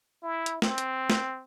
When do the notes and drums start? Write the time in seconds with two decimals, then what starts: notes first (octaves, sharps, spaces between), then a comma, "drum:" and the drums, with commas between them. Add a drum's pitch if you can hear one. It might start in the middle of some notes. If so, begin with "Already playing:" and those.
0.23 E4
0.46 drum: hi-hat
0.62 C4, drum: snare
0.78 drum: hi-hat
1.10 drum: snare